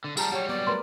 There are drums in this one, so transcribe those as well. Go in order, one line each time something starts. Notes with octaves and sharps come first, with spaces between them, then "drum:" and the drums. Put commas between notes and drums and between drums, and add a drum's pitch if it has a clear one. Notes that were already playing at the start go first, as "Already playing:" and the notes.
D3
F3 G3 G4 G#4 A5 A#5 E6, drum: tambourine
F#3 G3 G4 C#5 F#5
B3 D5
A3 A#4 B4 C6